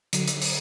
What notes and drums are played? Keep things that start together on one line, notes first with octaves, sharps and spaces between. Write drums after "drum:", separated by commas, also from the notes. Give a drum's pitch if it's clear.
D3 F#3, drum: hi-hat
drum: hi-hat
drum: open hi-hat